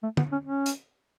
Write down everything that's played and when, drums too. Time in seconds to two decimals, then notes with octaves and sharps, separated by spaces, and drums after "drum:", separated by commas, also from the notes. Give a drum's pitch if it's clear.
0.03 A3
0.17 B3, drum: tom
0.32 C#4
0.45 C#4
0.66 drum: hi-hat